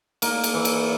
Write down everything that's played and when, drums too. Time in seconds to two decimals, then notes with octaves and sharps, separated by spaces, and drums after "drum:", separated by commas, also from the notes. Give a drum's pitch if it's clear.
0.22 A#3, drum: cymbal
0.44 drum: cymbal
0.54 E3
0.65 drum: cymbal